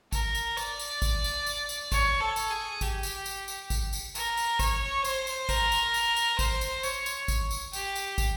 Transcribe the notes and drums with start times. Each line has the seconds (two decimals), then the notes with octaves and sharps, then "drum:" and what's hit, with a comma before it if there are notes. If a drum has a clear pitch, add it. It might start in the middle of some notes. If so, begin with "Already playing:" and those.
0.12 A#4, drum: kick, tambourine
0.35 drum: tambourine
0.57 D5, drum: tambourine
0.79 drum: tambourine
1.02 drum: kick, tambourine
1.24 drum: tambourine
1.47 drum: tambourine
1.69 drum: tambourine
1.92 C#5, drum: kick, tambourine
2.21 A4
2.36 drum: tambourine
2.51 G#4
2.81 G4, drum: kick, tambourine
3.03 drum: tambourine
3.26 drum: tambourine
3.48 drum: tambourine
3.70 drum: kick, tambourine
3.93 drum: tambourine
4.15 A#4, drum: tambourine
4.37 drum: tambourine
4.59 C#5, drum: kick, tambourine
5.04 C5, drum: tambourine
5.27 drum: tambourine
5.49 A#4, drum: kick, tambourine
5.72 drum: tambourine
5.94 drum: tambourine
6.16 drum: tambourine
6.39 C5, drum: kick, tambourine
6.61 drum: tambourine
6.83 C#5, drum: tambourine
7.06 drum: tambourine
7.28 drum: kick, tambourine
7.51 drum: tambourine
7.73 G4, drum: tambourine
7.95 drum: tambourine
8.18 drum: kick, tambourine